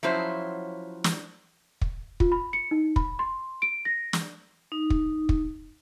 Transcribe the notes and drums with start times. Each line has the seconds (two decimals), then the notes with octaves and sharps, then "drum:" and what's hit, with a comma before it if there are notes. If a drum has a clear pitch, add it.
0.03 F3 F#3 C#4 E4 C5 C#5
1.04 drum: snare
1.82 drum: kick
2.20 F4, drum: kick
2.32 B5
2.53 C#7
2.71 D#4
2.96 B5, drum: kick
3.19 C6
3.62 D7
3.85 A#6
4.13 drum: snare
4.72 D#4
4.90 drum: kick
5.29 drum: kick